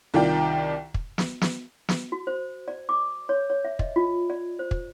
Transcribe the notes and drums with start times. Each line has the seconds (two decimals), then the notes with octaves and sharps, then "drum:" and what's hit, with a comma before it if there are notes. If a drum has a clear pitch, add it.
0.14 C2 D#3 F4 D5 G5
0.94 drum: kick
1.18 drum: snare
1.41 drum: snare
1.89 drum: snare
2.12 F#4
2.27 C5
2.68 D5
2.89 D6
3.29 C#5
3.50 C#5
3.65 E5
3.79 D#5, drum: kick
3.96 F4
4.30 D5
4.59 C5
4.71 drum: kick